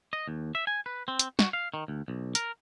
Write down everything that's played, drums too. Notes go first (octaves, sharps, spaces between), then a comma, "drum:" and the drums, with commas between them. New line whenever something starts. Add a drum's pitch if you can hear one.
D#5
D#2
E5
G#5
B4
C4
drum: hi-hat
F#4, drum: snare
F5
D#3
D2
B1
A#4, drum: hi-hat